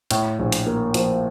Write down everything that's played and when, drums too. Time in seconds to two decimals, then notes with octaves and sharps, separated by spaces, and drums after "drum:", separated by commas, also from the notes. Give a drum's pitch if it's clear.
0.11 A2, drum: hi-hat
0.39 A#1
0.52 drum: hi-hat
0.67 A#3
0.94 F3, drum: hi-hat